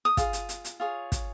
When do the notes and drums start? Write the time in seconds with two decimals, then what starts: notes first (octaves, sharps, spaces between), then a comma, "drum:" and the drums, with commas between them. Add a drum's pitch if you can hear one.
0.05 D#6
0.17 F4 G#4, drum: kick, hi-hat
0.33 drum: hi-hat
0.49 drum: hi-hat
0.65 drum: hi-hat
0.80 F4 G#4 C#5
1.12 drum: kick, hi-hat